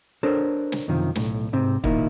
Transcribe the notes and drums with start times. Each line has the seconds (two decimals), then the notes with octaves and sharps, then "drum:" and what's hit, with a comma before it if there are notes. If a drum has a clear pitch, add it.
0.23 D4 A4 A#4 C5 C#5
0.72 drum: snare
0.88 F#2 C3 D#3 F3
1.15 B1 A2, drum: snare
1.53 G#2 C3 C4
1.84 A#2 D#3 A#3 D#4 E4, drum: kick